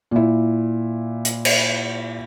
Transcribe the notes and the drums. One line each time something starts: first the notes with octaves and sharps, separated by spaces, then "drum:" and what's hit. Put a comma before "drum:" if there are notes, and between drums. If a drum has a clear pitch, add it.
A#2 E4
drum: hi-hat
drum: cymbal